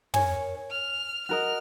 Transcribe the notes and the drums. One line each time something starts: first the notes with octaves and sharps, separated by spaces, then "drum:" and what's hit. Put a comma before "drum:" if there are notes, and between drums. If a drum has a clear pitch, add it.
A#4 C#5 G#5, drum: tom
F6
F#4 A#4 D#5 F6